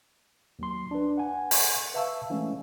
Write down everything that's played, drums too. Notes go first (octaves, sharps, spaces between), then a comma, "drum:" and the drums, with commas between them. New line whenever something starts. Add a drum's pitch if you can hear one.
D#2 F#3 C6
D4 B4
F#5 G#5
drum: open hi-hat
B4 E5 F5 A5 C#6 E6
E3 G#3 A3 C#4